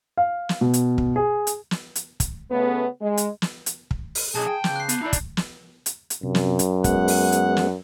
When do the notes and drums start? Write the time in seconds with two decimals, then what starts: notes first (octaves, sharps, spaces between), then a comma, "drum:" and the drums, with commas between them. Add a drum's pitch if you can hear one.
0.18 F5
0.49 drum: snare
0.61 B2
0.74 drum: hi-hat
0.98 drum: kick
1.16 G#4
1.47 drum: hi-hat
1.71 drum: snare
1.95 drum: hi-hat
2.20 drum: kick, hi-hat
2.51 C#3 A3 B3
3.01 G#3
3.17 drum: hi-hat
3.42 drum: snare
3.66 drum: hi-hat
3.91 drum: kick
4.15 drum: open hi-hat
4.35 B1 G#4 A5
4.47 G5
4.64 C#3 D6 G6, drum: snare
4.76 F#6 C7
4.89 B3, drum: hi-hat
5.02 D#4 E4 D5
5.13 drum: kick, hi-hat
5.37 drum: snare
5.86 drum: hi-hat
6.10 drum: hi-hat
6.23 F#2 C3
6.35 drum: snare
6.59 drum: hi-hat
6.84 G#3 B3 F#5, drum: kick, hi-hat
7.08 drum: open hi-hat
7.32 drum: hi-hat
7.57 drum: snare